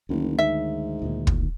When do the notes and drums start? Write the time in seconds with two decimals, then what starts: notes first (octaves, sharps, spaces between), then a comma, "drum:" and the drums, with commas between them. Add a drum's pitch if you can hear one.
0.09 F#1 D2 D#3
0.39 G#2 E5
1.02 D2 A#2 D#3
1.27 drum: kick